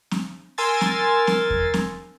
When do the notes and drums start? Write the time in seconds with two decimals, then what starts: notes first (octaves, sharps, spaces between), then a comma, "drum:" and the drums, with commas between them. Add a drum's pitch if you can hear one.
0.11 drum: snare C4
0.58 A#4 G#5 C6 E6 G#6 A6
0.81 drum: snare C4
1.27 drum: snare C4
1.50 drum: kick E2
1.74 drum: snare C4